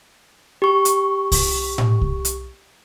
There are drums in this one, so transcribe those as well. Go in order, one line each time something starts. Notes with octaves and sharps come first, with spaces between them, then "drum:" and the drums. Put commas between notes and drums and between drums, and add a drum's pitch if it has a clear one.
G4 C#6
drum: hi-hat
drum: kick C2, open hi-hat
drum: tom A2
drum: kick C2
drum: hi-hat